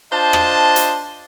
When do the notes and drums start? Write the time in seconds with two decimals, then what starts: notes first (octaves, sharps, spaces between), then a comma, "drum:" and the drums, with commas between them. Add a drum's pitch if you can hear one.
0.12 D4 F4 C5 D#5 A5
0.33 drum: rim click
0.76 drum: hi-hat